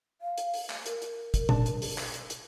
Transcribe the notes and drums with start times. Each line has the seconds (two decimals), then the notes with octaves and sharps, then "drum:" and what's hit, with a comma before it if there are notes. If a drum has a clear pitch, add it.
0.21 F5
0.38 drum: hi-hat
0.54 drum: open hi-hat
0.70 drum: clap
0.86 A#4, drum: hi-hat
1.02 drum: hi-hat
1.34 drum: kick, hi-hat
1.49 G#2 D4 A5, drum: tom A#2
1.66 drum: hi-hat
1.82 drum: open hi-hat
1.98 drum: clap
2.14 drum: hi-hat
2.30 drum: hi-hat